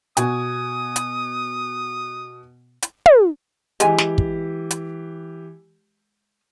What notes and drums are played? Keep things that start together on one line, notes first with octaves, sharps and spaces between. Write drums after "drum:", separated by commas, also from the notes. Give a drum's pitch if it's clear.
B2 F#4 G#5 D#6, drum: hi-hat
drum: hi-hat
drum: hi-hat
drum: tom
E3 G#3 G4 G#5, drum: hi-hat
drum: snare
drum: kick
drum: hi-hat